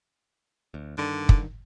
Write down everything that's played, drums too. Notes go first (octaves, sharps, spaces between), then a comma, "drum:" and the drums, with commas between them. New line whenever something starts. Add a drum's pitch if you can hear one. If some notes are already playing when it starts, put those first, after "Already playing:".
D2
G2 D3 D#3
drum: kick